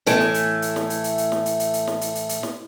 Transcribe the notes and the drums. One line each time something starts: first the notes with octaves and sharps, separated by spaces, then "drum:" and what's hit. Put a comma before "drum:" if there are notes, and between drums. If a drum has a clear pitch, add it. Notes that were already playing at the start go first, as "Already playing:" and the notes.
A2 E3 A3, drum: hi-hat
drum: snare
drum: hi-hat
drum: hi-hat
drum: snare
drum: hi-hat
drum: hi-hat
drum: hi-hat
drum: snare
drum: hi-hat
drum: hi-hat
drum: hi-hat
drum: snare
drum: hi-hat
drum: hi-hat
drum: hi-hat
drum: snare